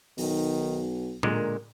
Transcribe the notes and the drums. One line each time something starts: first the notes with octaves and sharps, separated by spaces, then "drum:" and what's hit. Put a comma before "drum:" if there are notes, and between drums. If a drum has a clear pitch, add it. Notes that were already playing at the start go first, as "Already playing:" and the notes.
B1 D#3, drum: open hi-hat
A#2 D3 G#3 A#4, drum: tom A2